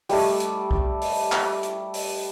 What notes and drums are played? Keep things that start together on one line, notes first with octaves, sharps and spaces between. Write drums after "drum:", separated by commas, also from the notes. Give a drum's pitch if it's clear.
G3 A3, drum: open hi-hat
drum: hi-hat
drum: kick
drum: open hi-hat
drum: clap
drum: hi-hat
drum: open hi-hat